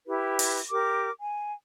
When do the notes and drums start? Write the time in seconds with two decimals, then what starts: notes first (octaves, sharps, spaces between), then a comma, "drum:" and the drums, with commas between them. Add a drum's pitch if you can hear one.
0.06 E4 G4 B4
0.39 drum: open hi-hat
0.70 G4 A#4 D6
1.21 G#5